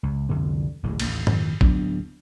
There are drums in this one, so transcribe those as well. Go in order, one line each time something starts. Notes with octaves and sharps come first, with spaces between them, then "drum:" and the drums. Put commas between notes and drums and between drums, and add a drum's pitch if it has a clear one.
C#2
C2 F2 D3 B3
D1 A1 A2
A1 D#2 A2, drum: cymbal
D#1 F2 D#3, drum: tom G#2
D1 F#3 B3 D4, drum: kick A1